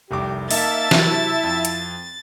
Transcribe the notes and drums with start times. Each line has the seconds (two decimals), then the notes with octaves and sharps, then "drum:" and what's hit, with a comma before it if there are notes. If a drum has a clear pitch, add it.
0.11 F1 C2 G4 D6
0.51 A#3 D#4 E5 A5 A6, drum: open hi-hat
0.91 C3 F#3 E4, drum: snare
1.43 F2
1.65 drum: hi-hat